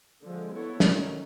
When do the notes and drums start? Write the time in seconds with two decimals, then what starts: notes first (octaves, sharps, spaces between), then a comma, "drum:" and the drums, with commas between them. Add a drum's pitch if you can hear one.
0.22 D3 F3 G#3
0.51 B3 E4 A4 C#5
0.80 D#3 F#3 A3 C#4, drum: snare